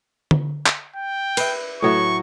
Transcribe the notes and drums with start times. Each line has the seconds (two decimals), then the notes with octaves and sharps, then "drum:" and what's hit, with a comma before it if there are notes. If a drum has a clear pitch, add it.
0.31 drum: tom D3
0.66 drum: clap
0.96 G5
1.37 B4 E5, drum: cymbal
1.82 A2 F#3 E5 C#6